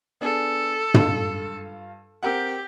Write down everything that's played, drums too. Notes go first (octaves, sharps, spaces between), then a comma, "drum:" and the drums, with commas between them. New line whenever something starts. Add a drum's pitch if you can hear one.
B3 D4 G#4 A4
G2 F4, drum: tom
C4 G4 A#4 F#5